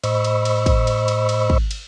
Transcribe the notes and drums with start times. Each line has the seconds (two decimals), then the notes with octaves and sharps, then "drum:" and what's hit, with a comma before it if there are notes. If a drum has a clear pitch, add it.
0.04 A2 C5 D#5 B5 C#6 E6, drum: cymbal
0.24 drum: cymbal
0.45 drum: cymbal
0.66 drum: kick, cymbal
0.87 drum: cymbal
1.08 drum: cymbal
1.29 drum: cymbal
1.50 drum: kick
1.71 drum: cymbal